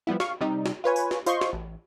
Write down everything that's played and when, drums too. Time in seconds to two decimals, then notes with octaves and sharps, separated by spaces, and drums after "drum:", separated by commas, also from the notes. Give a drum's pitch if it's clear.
0.07 F3 G3 B3 E4
0.20 F5 C#6, drum: snare
0.41 C3 G3 D#4
0.66 drum: snare
0.84 F4 B4 C#5 G#5
0.96 drum: tambourine
1.11 drum: snare
1.26 F4 C5 D#5 C6 C#6, drum: tambourine
1.41 drum: snare
1.53 A1